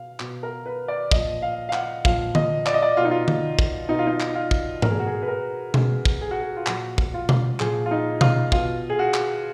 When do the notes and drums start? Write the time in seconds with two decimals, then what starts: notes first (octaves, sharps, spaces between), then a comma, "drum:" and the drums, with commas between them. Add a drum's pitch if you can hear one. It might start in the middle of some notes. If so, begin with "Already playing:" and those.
Already playing: B2 F5
0.20 B2, drum: clap
0.43 A#4
0.66 B4
0.88 D5
1.11 A#2 F3 D#5, drum: kick
1.42 F5
1.69 F5
1.73 F#5, drum: clap
2.05 A#2 F3 F5, drum: kick
2.35 D#5, drum: tom D3
2.66 D5, drum: clap
2.74 D#5
2.82 D5
2.97 B2 F4
3.04 D#4
3.11 F4
3.28 drum: tom D3
3.59 drum: kick
3.89 B2 D#4
3.99 F4
4.07 D#4
4.20 drum: clap
4.35 F4
4.51 drum: kick
4.82 B2 A#4, drum: tom G#2
4.90 G#4
4.99 F#4
5.06 G#4
5.22 B4
5.28 A#4
5.74 B2 G#4, drum: tom B2
6.05 drum: kick
6.21 G#4
6.31 F#4
6.41 G#4
6.56 F4
6.67 A#2 F3 F#4, drum: clap
6.98 drum: kick
7.14 F4
7.29 drum: tom B2
7.60 A#2 F3 G#4, drum: clap
7.86 F4
7.91 D#4
8.21 F4, drum: tom B2
8.52 B2 F4, drum: kick
8.90 G#4
8.99 F#4
9.14 drum: clap